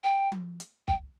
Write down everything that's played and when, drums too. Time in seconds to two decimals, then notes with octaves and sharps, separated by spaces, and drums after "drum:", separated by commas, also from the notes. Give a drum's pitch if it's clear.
0.04 G5
0.32 drum: tom F3
0.60 drum: hi-hat
0.88 G5, drum: kick